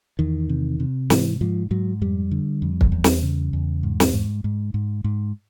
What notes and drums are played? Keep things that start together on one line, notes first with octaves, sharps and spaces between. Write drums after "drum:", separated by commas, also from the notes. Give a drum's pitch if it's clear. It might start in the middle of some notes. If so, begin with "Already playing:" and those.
E2 D#3
C3
C3
G#2 E3, drum: snare
G#2 F3
G#2 F#3
F2 G3
D3
F2
drum: kick
E2
drum: snare
C#3
E2
G#2
drum: snare
G#2
G#2
G#2
G#2